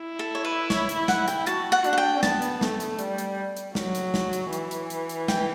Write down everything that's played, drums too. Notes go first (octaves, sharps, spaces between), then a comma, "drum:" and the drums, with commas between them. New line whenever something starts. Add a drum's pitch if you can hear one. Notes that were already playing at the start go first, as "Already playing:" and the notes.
Already playing: E4
A4
C#5
B4
C#5, drum: snare
drum: hi-hat
F#5, drum: snare
G5, drum: hi-hat
F#4 A5, drum: hi-hat
F#5
D4, drum: hi-hat
F#5
G5
B3 A5, drum: snare
drum: hi-hat
A3, drum: snare
drum: hi-hat
G3, drum: hi-hat
drum: hi-hat
drum: hi-hat
F#3, drum: snare
drum: hi-hat
drum: snare
drum: hi-hat
E3, drum: hi-hat
drum: hi-hat
drum: hi-hat
drum: hi-hat
G5, drum: snare